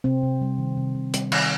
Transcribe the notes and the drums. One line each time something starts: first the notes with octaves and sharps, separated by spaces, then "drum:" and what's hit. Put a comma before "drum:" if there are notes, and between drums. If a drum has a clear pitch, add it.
C3 C4
C3
G3
D#3
C3
C3
G3, drum: hi-hat
D#3, drum: cymbal